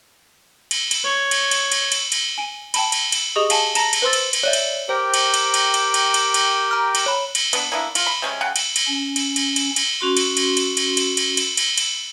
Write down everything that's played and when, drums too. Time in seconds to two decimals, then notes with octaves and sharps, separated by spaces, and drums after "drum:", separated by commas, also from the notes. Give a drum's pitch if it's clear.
0.71 drum: cymbal
0.91 drum: cymbal
1.04 C#5
1.31 drum: cymbal
1.51 drum: cymbal
1.72 drum: cymbal
1.92 drum: cymbal
2.12 drum: cymbal
2.38 G#5 D7 D#7
2.74 G5 A5 B5, drum: cymbal
2.92 drum: cymbal
3.12 drum: cymbal
3.36 G4 G#4 D#5 C#6 D#6
3.50 F5 G#5 A5, drum: cymbal
3.75 A5 A#5 A#6, drum: cymbal
3.93 drum: cymbal
4.02 B4 C5 C6 E6 A6
4.13 drum: cymbal
4.33 drum: cymbal
4.43 C#5 D5 E5
4.53 drum: cymbal
4.89 G4 A#4 C5 G5
5.14 drum: cymbal
5.34 drum: cymbal
5.54 drum: cymbal
5.74 drum: cymbal
5.94 drum: cymbal
6.14 drum: cymbal
6.34 drum: cymbal
6.71 A#5 F6
6.95 drum: cymbal
7.06 C#5 B5
7.35 drum: cymbal
7.53 B3 D4, drum: cymbal
7.72 A#3 B3 D4 E4
7.95 F4, drum: cymbal
8.07 B5
8.22 C3 G#3 C#4
8.41 C#3 F#5 G5
8.56 drum: cymbal
8.76 drum: cymbal
8.87 C#4
9.16 drum: cymbal
9.36 drum: cymbal
9.56 drum: cymbal
9.76 drum: cymbal
10.01 C#4 F#4 C6
10.17 drum: cymbal
10.37 drum: cymbal
10.57 drum: cymbal
10.77 drum: cymbal
10.97 drum: cymbal
11.17 drum: cymbal
11.37 drum: cymbal
11.57 drum: cymbal
11.78 drum: cymbal